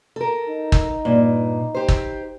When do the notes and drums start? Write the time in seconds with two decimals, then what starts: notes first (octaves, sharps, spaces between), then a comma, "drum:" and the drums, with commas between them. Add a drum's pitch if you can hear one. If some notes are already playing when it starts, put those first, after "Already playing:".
0.16 A4 A#4
0.49 D#4
0.72 drum: kick
1.05 G2 A#2
1.75 G4 C5
1.88 drum: kick